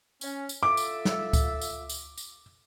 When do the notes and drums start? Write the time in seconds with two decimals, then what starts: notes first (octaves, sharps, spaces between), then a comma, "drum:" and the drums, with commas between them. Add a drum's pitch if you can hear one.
0.21 C#4, drum: tambourine
0.49 drum: tambourine
0.63 F4 A4 E5 D6
0.77 drum: tambourine
1.05 drum: snare
1.33 drum: kick C#2, tambourine
1.61 drum: tambourine
1.89 drum: tambourine
2.18 drum: tambourine